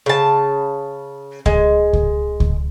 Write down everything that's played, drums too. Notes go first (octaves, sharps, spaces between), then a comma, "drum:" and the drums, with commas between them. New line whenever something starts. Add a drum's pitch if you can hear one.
C#3 A5
G#3, drum: kick C#2
drum: kick C#2
drum: kick C#2